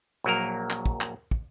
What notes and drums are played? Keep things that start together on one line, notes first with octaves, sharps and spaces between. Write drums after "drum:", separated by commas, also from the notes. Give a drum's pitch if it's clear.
A#1 F#3 A#3 A#4
drum: clap
drum: kick
drum: clap
drum: kick